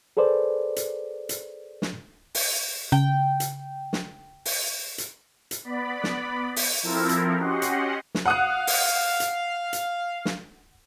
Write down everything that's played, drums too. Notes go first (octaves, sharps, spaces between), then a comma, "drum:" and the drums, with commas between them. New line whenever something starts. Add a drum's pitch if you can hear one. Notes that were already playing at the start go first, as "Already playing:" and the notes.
G#4 A4 B4 C5 D5
drum: hi-hat
drum: hi-hat
drum: snare
drum: open hi-hat
C#3 G5
drum: hi-hat
drum: snare
drum: open hi-hat
drum: hi-hat
drum: hi-hat
B3 D5 B5
drum: snare
drum: open hi-hat
F3 C4 E4 A4 A#4
drum: hi-hat
C#4 F#4 G4 D#5 F#5 C6
drum: hi-hat
drum: snare
F5 F#5 D#6 F#6
drum: open hi-hat
drum: hi-hat
drum: hi-hat
drum: snare